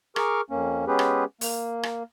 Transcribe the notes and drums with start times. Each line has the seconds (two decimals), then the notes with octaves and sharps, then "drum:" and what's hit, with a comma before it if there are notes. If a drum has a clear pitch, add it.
0.16 G#4 A#4 C#6 D6 F6, drum: rim click
0.50 F2 A#3 C#4
0.87 G#3 B3 C#4 G4 G#4 B4
0.99 drum: rim click
1.41 A#3, drum: open hi-hat
1.83 drum: rim click